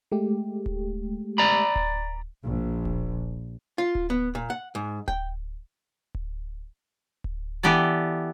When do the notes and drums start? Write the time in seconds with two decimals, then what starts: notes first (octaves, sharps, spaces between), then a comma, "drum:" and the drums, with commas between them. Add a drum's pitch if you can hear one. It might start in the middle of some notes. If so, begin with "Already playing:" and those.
0.12 G#3 A3 G4
0.66 drum: kick D1
1.38 D5 A#5 B5
1.76 drum: kick D1
2.43 A#1
2.85 drum: kick D1
3.78 F4
3.95 drum: kick D1
4.10 B3
4.35 A#2
4.50 F#5
4.75 G#2
5.08 G5, drum: kick D1
6.14 drum: kick D1
7.24 drum: kick D1
7.63 E3 B3 G4 A4 D5